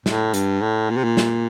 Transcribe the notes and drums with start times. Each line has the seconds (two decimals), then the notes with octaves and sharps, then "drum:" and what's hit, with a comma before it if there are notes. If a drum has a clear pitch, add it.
0.06 A2, drum: snare
0.34 G2, drum: hi-hat
0.62 A2
0.90 A#2
0.97 C3
1.04 A#2
1.17 drum: snare